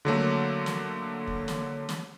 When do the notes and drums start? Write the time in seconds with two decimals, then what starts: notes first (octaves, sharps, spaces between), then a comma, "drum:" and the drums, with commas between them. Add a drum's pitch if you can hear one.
0.05 D3 F#3 A3 A#3
0.66 drum: snare
1.27 drum: kick
1.48 drum: snare
1.89 drum: snare